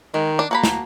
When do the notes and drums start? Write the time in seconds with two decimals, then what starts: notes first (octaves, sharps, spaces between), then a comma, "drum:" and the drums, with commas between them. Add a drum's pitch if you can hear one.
0.14 D#3 G#3
0.39 D4
0.51 A#3 F#4 A5 B5
0.64 drum: snare